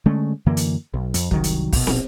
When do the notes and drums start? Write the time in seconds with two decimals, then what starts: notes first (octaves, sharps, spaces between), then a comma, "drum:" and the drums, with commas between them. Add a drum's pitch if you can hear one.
0.06 D3 G#3 A3 C#4
0.46 F#2 D3 E3 A#3
0.57 drum: hi-hat
0.94 B1
1.14 F2, drum: hi-hat
1.31 C2 D#3 F#3, drum: kick
1.44 drum: hi-hat
1.73 A#1 B2, drum: kick, open hi-hat
1.87 drum: snare